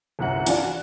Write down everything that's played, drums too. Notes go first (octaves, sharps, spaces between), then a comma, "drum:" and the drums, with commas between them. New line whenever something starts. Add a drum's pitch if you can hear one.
G1 C2 F#2 F#5 A#5
E3 D4 F4 D5, drum: hi-hat
F#4